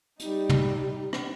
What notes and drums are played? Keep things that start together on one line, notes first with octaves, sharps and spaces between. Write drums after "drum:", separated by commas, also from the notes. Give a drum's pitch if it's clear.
G3 D#4, drum: hi-hat
drum: tom
drum: rim click